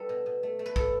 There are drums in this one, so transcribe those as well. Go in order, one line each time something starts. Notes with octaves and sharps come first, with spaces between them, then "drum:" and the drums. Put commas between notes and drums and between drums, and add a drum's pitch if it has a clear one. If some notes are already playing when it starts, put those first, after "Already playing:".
Already playing: G3 D4 A4 B4
B2
B2
A3
A3
B4
A2 A4, drum: kick